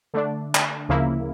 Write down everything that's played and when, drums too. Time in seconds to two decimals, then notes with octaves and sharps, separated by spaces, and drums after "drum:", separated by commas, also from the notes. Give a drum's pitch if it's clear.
0.14 D3 A3 D4
0.55 drum: clap
0.89 D2 C#3 F3 A#3 E4